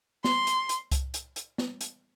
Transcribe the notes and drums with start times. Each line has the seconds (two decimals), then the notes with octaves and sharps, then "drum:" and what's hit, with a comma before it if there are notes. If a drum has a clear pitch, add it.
0.24 C6, drum: snare
0.47 drum: hi-hat
0.69 drum: hi-hat
0.92 drum: kick C2, hi-hat
1.14 drum: hi-hat
1.36 drum: hi-hat
1.58 drum: snare
1.81 drum: hi-hat